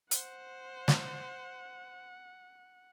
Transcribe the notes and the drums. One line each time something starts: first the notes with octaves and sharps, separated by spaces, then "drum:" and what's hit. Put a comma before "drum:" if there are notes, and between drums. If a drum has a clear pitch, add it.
C5 F#5, drum: hi-hat
drum: snare